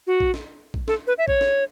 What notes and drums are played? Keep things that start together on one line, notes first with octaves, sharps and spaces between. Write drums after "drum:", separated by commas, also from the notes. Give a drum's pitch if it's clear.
F#4
drum: kick A#1
drum: snare
drum: kick A#1
A4, drum: snare
B4
E5
C#5, drum: kick A#1
drum: snare